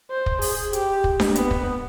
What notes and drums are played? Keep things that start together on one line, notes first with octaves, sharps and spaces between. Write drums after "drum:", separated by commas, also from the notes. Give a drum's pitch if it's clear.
C5
drum: kick
G#4, drum: open hi-hat
G4, drum: hi-hat
drum: kick
drum: snare D4
B3, drum: hi-hat
drum: kick